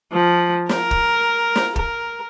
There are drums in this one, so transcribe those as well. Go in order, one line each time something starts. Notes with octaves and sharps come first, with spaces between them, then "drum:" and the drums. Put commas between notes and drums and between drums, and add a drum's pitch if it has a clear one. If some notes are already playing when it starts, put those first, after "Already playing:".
F3
A#4, drum: snare
drum: kick
drum: snare
A#4, drum: kick